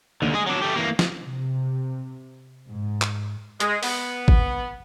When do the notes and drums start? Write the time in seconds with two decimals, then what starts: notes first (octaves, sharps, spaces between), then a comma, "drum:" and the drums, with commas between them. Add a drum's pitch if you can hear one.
0.22 D#2 D3
0.34 G#3 G#4
0.46 F#3 D4
0.62 A3 G4
0.76 E3 A#3
0.99 drum: snare
1.22 C3
2.68 G#2
3.01 drum: clap
3.60 G#3, drum: hi-hat
3.83 B3, drum: open hi-hat
4.28 drum: kick